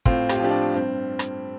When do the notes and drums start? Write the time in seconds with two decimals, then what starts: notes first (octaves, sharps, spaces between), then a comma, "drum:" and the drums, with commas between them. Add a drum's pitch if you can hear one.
0.06 A2 C4 F4, drum: kick
0.29 G4, drum: rim click
0.36 F4
0.39 F3 D4 G4
0.51 D4
0.73 G2 C4
1.19 drum: rim click